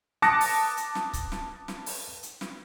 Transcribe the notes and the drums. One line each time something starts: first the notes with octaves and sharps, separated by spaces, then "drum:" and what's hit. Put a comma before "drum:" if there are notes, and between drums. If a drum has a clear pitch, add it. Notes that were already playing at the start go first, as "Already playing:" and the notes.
A5 D6 D#6 F#6 A#6 C#7, drum: snare
drum: open hi-hat
drum: hi-hat
drum: snare
drum: kick C#1, hi-hat
drum: snare
drum: snare
drum: open hi-hat
drum: hi-hat
drum: snare